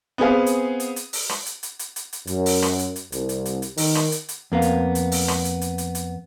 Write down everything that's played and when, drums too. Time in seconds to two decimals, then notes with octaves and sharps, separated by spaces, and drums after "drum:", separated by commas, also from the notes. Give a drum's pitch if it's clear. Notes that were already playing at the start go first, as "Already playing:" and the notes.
0.18 B3 C4 G#4 F5
0.46 drum: hi-hat
0.80 drum: hi-hat
0.96 drum: hi-hat
1.13 drum: open hi-hat
1.30 drum: rim click
1.46 drum: hi-hat
1.63 drum: hi-hat
1.79 drum: hi-hat
1.96 drum: hi-hat
2.13 drum: hi-hat
2.27 F#2, drum: hi-hat
2.46 drum: open hi-hat
2.62 drum: rim click
2.79 drum: hi-hat
2.96 drum: hi-hat
3.12 C2, drum: hi-hat
3.29 drum: hi-hat
3.45 drum: hi-hat
3.62 drum: hi-hat
3.77 D#3, drum: open hi-hat
3.95 drum: rim click
4.12 drum: hi-hat
4.29 drum: hi-hat
4.52 F2 A#3 B3 F5
4.62 drum: hi-hat
4.95 drum: hi-hat
5.12 drum: open hi-hat
5.28 drum: rim click
5.45 drum: hi-hat
5.61 drum: hi-hat
5.78 drum: hi-hat
5.95 drum: hi-hat